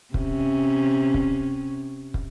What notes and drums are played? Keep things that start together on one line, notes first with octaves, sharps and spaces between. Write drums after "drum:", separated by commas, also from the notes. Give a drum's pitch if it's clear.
C3 C#4, drum: kick
drum: kick
drum: kick